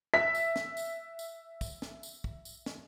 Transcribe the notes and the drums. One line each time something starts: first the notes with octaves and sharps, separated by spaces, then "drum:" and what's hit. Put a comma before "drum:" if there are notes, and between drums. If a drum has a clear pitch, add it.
E5 B6
drum: tambourine
drum: snare
drum: tambourine
drum: tambourine
drum: kick, tambourine
drum: snare
drum: tambourine
drum: kick
drum: tambourine
drum: snare